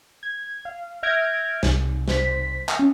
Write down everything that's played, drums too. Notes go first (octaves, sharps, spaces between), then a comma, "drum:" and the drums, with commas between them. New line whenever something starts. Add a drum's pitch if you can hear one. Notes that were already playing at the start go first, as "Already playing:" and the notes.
G#6
F5
E5 F6 G6 G#6 A#6 D7
C2, drum: snare
C2 C5 B6, drum: snare
drum: clap
C#4